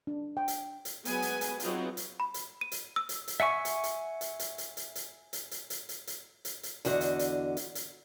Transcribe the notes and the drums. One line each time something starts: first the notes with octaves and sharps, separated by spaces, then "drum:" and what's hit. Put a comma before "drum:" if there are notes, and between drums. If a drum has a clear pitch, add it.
D4
G5
drum: hi-hat
drum: hi-hat
F#3 G#3 B3 B4 G#5, drum: hi-hat
drum: hi-hat
drum: hi-hat
F#3 B3 C4 D#4 F4 G#4, drum: hi-hat
drum: hi-hat
B5
drum: hi-hat
D#7
drum: hi-hat
E6
drum: hi-hat
drum: hi-hat
E5 F#5 G#5 C#6
drum: hi-hat
drum: hi-hat
drum: hi-hat
drum: hi-hat
drum: hi-hat
drum: hi-hat
drum: hi-hat
drum: hi-hat
drum: hi-hat
drum: hi-hat
drum: hi-hat
drum: hi-hat
drum: hi-hat
drum: hi-hat
E2 D3 F#4 D#5, drum: hi-hat
drum: hi-hat
drum: hi-hat
drum: hi-hat
drum: hi-hat